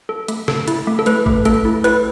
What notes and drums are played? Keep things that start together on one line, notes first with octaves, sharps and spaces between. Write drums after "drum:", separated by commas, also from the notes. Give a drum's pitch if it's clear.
A4
A3, drum: hi-hat
A4, drum: snare
E4, drum: hi-hat
A3
A4
A3 B4, drum: hi-hat
A3, drum: kick G#1
A3 A4, drum: hi-hat
E4
E4 B4, drum: hi-hat